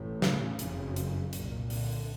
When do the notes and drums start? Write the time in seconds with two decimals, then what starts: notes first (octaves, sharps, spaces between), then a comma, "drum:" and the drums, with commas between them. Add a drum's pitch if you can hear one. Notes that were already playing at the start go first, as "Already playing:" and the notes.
Already playing: A1 A2
0.22 C#3, drum: snare
0.59 F#1 F2 C#3, drum: hi-hat
0.96 drum: hi-hat
1.33 C2 A#2, drum: hi-hat
1.70 D3, drum: open hi-hat